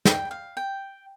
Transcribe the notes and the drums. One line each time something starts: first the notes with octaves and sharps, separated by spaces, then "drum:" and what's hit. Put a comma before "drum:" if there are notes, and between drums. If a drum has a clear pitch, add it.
G5, drum: snare
F5
G5